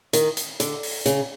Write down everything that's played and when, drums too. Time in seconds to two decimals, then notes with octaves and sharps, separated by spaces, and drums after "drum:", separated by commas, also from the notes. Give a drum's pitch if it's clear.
0.13 D#3, drum: hi-hat
0.37 drum: hi-hat
0.60 D3, drum: hi-hat
0.83 drum: open hi-hat
1.06 C#3, drum: hi-hat